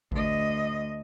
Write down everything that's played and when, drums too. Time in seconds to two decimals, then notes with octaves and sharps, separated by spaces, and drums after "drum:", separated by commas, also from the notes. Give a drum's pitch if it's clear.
0.12 D2 D#5, drum: kick G#1